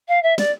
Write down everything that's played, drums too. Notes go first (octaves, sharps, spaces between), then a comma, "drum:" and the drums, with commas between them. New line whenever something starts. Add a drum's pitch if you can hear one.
F5
E5
D5, drum: snare